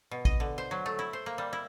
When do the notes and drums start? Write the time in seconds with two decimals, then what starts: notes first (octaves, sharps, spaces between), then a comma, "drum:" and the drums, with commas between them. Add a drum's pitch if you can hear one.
0.11 B2
0.25 D#5, drum: kick
0.40 D3
0.58 C5
0.71 F#3
0.86 A3
0.99 E4
1.13 C5
1.26 A#3
1.38 G3
1.53 E4